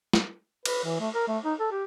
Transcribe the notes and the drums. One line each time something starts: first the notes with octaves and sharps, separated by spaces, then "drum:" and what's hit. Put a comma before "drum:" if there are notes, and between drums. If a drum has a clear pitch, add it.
drum: snare
B4, drum: cymbal
E3
A3
A#4
A3
D#4
A4
G4